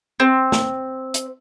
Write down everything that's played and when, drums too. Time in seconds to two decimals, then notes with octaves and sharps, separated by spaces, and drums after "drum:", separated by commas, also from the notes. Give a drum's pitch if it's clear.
0.20 C4
0.52 drum: snare
1.14 drum: hi-hat